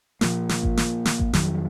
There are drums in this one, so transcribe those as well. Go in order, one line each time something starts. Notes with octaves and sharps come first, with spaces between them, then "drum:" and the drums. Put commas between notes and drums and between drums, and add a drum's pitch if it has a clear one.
A#2 F3 A#3, drum: snare
drum: snare
drum: kick G#1
drum: snare
drum: snare
drum: kick G#1
F2 D#3 F#3, drum: snare